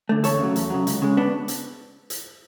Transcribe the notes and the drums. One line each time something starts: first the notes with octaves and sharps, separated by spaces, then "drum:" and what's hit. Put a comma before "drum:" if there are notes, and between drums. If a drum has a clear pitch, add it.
D3 A3
E2 A4 C#5, drum: hi-hat
C#3 F#3
E2, drum: hi-hat
C#3 F#3
C#2, drum: hi-hat
C#3 G#3
B3 D4
drum: hi-hat
drum: hi-hat